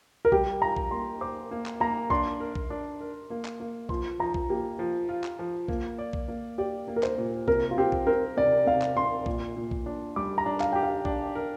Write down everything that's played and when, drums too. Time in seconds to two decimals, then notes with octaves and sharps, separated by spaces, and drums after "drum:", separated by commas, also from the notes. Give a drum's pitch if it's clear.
0.25 A#4
0.32 G3 G4, drum: kick B1
0.62 F4 A#5
0.76 drum: kick B1
0.91 A#3 C6
1.21 C5 D6
1.51 A#3
1.66 drum: clap
1.80 A#3 A#5
2.10 D4 C6, drum: kick B1
2.40 A#4
2.55 drum: kick B1
2.70 D4
3.00 A#4
3.30 A#3
3.45 drum: clap
3.60 A#3
3.89 F3 C6, drum: kick B1
4.19 F3 A#5
4.34 drum: kick B1
4.49 A#3 G4
4.79 F3
5.09 F4
5.24 drum: clap
5.39 F3
5.68 A#3, drum: kick B1
5.99 D5
6.13 drum: kick B1
6.28 A#3
6.58 G4 D5
6.88 A#3
6.96 A#4
7.03 C5, drum: clap
7.18 A#2
7.48 C3 A#4, drum: kick B1
7.71 F4
7.77 C4 G4
7.92 drum: kick B1
8.07 C4 A#4
8.37 C3 D5
8.66 C3 F5
8.82 drum: clap
8.97 C3 C6
9.26 A#2, drum: kick B1
9.56 A#2
9.71 drum: kick B1
9.86 D4
10.16 G3 D6
10.38 A#5
10.46 D4
10.60 F5, drum: clap
10.72 G4 G5
10.83 F5
11.05 D4, drum: kick B1
11.35 A#4